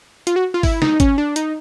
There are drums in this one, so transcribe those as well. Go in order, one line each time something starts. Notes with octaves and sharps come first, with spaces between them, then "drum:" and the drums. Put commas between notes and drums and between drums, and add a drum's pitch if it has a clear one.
F4, drum: hi-hat
F#4
F4
E4, drum: kick, open hi-hat
D#4, drum: snare
C#4, drum: kick, hi-hat
D4
D#4, drum: hi-hat